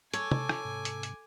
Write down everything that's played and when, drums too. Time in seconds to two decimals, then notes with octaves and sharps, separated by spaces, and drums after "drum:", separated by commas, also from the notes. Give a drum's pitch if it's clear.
0.14 A4 C#5 G#5 D6, drum: hi-hat
0.31 drum: tom
0.49 drum: rim click
0.64 G#2 C3
0.85 drum: hi-hat
1.03 drum: hi-hat